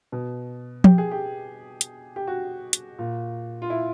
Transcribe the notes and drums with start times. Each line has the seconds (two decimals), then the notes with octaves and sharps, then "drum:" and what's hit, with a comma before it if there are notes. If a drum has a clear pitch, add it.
0.12 B2
0.84 G4, drum: tom F3
0.98 G#4
1.11 G4
1.81 drum: hi-hat
2.16 G4
2.27 F#4
2.73 drum: hi-hat
2.99 A#2
3.62 F4
3.70 E4